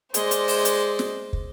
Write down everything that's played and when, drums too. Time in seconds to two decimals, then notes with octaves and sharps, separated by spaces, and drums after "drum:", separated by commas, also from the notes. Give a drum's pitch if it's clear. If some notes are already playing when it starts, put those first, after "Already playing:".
0.14 G#3 C5 D5 D#5, drum: hi-hat
0.31 drum: hi-hat
0.48 drum: open hi-hat
0.65 drum: hi-hat
0.99 drum: snare
1.33 drum: kick